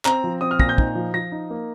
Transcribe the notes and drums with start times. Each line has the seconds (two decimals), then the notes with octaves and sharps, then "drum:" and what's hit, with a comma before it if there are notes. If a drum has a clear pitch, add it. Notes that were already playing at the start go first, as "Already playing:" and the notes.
0.05 C4 A#5, drum: clap
0.24 F3
0.41 C4 D#6
0.51 F6
0.59 A#2 A#6, drum: kick
0.69 G6
0.78 D#4, drum: kick
0.95 F3
1.14 F3 A#6
1.32 D#4
1.50 A#3